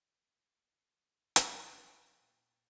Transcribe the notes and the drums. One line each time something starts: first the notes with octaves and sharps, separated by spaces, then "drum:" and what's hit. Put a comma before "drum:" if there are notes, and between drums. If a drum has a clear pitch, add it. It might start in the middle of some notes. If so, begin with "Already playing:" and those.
drum: hi-hat
B4
A#2 G5 A6